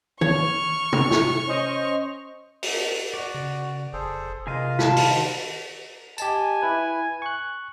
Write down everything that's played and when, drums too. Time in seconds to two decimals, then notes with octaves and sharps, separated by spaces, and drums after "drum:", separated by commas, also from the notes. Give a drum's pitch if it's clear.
0.21 C#5 C#6 F6, drum: tom D#3
0.93 drum: tom
1.11 drum: snare
1.46 C#4 C5 D#5
2.63 drum: open hi-hat
3.14 F#4 D5
3.34 C#3
3.93 F1 G#4 A4 C5
4.47 C3 F4 G#4 A#4 D#5 F5
4.79 D#3 A5 B5, drum: snare
4.96 drum: open hi-hat
6.18 G4 D#5 G#5 A5, drum: tambourine
6.62 E4 B4
7.22 C#6 F#6